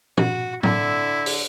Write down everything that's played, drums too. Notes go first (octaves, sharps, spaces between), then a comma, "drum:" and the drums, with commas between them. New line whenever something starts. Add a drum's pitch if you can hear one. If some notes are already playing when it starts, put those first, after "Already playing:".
F#4, drum: tom
D3 E4, drum: tom A2
drum: open hi-hat